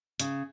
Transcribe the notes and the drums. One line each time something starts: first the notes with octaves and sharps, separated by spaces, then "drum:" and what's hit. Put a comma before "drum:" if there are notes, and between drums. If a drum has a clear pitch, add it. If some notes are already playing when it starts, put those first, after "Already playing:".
C#3, drum: hi-hat